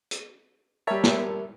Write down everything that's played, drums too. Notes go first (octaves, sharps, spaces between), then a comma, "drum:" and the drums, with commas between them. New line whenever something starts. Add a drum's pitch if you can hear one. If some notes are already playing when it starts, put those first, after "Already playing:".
drum: hi-hat
G3 A#4 C#5 E5 A5
drum: snare